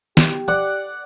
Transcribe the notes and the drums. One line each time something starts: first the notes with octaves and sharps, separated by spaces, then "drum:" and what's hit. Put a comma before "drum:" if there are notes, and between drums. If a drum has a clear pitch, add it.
G4, drum: snare
D5 F#5